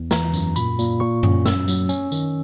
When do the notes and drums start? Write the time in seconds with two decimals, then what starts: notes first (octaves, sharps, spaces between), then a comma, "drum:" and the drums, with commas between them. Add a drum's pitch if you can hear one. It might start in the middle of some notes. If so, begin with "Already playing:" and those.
Already playing: E2
0.11 E3 A#5, drum: snare
0.34 F#2, drum: tambourine
0.56 A#2 B5, drum: tambourine
0.79 A#2, drum: tambourine
1.00 A#2 C#6
1.23 C#4, drum: tom F#2
1.46 F#2 E6, drum: snare
1.68 F#3, drum: tambourine
1.89 C#4, drum: tambourine
2.12 D#3, drum: tambourine